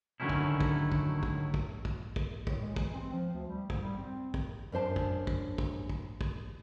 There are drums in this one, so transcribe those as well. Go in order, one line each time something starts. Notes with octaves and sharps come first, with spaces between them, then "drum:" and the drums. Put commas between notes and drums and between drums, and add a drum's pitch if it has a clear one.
D3 D#3 F#3 A3 C#4 E4
drum: kick
drum: kick
drum: kick
drum: kick
drum: kick
drum: kick
drum: kick
A2, drum: kick
G#3
E3, drum: kick
C4
F3
D2
G3
G#2, drum: kick
G3
C4
drum: kick
F#2 D4 C5 A5
drum: kick
drum: kick
drum: kick
drum: kick
drum: kick